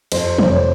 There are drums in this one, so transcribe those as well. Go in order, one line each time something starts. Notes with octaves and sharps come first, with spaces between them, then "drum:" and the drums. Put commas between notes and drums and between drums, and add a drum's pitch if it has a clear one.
F2 C5, drum: cymbal
F1 C5, drum: tom E3
C#5